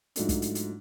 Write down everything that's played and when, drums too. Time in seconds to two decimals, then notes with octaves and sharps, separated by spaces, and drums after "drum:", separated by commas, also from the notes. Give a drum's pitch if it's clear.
0.16 G#2 F3 F#3 A3 D4 D#4, drum: hi-hat
0.29 drum: kick, hi-hat
0.42 drum: hi-hat
0.55 drum: hi-hat